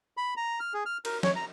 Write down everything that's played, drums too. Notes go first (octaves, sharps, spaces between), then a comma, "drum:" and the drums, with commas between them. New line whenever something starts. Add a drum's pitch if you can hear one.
B5
A#5
F6
G#4
F6
A#4, drum: cymbal
C#5, drum: snare
A#5